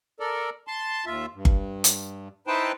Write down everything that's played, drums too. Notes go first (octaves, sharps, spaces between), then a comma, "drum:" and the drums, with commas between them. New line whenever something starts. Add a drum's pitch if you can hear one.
A4 A#4 D5
A5 C6
D#2 F4 E5
G2
drum: kick G1
drum: hi-hat
D#4 E4 B4 C5 G5 A5